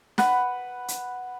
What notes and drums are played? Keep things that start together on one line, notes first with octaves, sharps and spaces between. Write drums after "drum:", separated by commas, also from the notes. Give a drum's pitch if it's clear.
B4 F#5 B5, drum: snare
drum: hi-hat